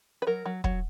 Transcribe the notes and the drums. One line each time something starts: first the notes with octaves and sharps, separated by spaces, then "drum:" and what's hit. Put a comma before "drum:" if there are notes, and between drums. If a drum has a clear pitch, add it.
B4
F#3 A#4
F#3
F#3, drum: kick